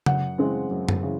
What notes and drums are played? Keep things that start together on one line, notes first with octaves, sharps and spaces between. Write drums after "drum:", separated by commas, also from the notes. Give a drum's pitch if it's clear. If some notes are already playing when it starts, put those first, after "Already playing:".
F#2 F#5, drum: tom C#3
C#3 E3 G#3 C4
F#2
drum: tom F#2
C#3 E3